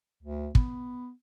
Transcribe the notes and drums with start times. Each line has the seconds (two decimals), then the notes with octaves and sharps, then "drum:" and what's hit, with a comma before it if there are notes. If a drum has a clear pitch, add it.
0.23 D2
0.55 B3, drum: kick